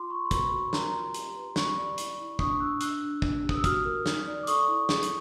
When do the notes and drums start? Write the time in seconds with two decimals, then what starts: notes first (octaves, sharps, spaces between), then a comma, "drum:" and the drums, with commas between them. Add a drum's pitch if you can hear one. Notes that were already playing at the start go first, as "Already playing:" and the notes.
Already playing: F4 C6 D6
0.10 F4 B5 C#6
0.26 C6
0.31 F#4 B5 C#6, drum: kick, hi-hat
0.52 F#4
0.73 A#4 A#5 C6, drum: snare
0.94 F4
1.14 G4, drum: hi-hat
1.35 B4
1.56 G4 B5 C#6, drum: snare
1.77 D5
1.98 E4, drum: hi-hat
2.18 E4
2.39 D4 C#6 D#6, drum: kick
2.60 D4 E6 F#6
2.81 D4 E6 F#6, drum: hi-hat
3.02 D4
3.22 D4, drum: kick
3.43 G4
3.49 D#6, drum: kick
3.56 E6
3.64 F#4 D#6 F6, drum: kick, hi-hat
3.85 A#4
4.06 D#4, drum: snare
4.26 D5
4.43 D6
4.47 A4 C#6 D#6, drum: hi-hat
4.69 E4
4.89 G#4, drum: snare
5.03 drum: hi-hat